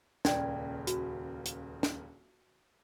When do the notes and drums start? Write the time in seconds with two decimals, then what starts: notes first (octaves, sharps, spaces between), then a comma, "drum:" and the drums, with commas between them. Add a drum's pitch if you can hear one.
0.25 D#1 C#2 C#3 D5 G5 G#6, drum: snare
0.87 F#4, drum: hi-hat
1.45 drum: hi-hat
1.83 drum: snare